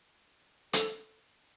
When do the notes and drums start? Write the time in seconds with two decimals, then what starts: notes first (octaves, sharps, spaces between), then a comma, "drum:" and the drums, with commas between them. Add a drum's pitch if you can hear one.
0.73 A4, drum: hi-hat